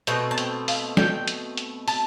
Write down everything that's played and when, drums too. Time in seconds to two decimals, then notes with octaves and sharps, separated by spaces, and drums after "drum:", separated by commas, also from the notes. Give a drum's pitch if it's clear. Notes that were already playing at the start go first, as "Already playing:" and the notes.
0.07 B2 A3 C4 G5, drum: hi-hat
0.31 A5
0.38 G5, drum: hi-hat
0.68 F5, drum: open hi-hat
0.97 G5, drum: snare
1.28 drum: hi-hat
1.57 drum: hi-hat
1.88 A5, drum: open hi-hat